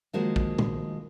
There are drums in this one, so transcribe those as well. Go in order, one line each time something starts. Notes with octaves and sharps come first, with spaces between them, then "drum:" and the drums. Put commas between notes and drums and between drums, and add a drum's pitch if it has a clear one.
D#3 F3 G#3 A#3 F#4 C5
drum: kick A#1
drum: tom